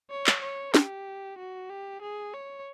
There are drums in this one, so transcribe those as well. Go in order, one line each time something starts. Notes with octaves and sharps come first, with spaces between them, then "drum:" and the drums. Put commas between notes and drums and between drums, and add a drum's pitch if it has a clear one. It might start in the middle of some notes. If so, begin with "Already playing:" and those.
C#5
drum: clap
C#5
G4, drum: snare
F#4
G4
G#4
C#5